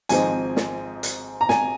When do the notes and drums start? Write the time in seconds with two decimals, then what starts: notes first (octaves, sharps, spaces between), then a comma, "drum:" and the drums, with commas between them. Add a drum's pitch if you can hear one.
0.09 G#1 G#2 F3 C4 D#4 G#5, drum: hi-hat
0.56 drum: snare
1.03 drum: hi-hat
1.41 A#5
1.49 G#5, drum: snare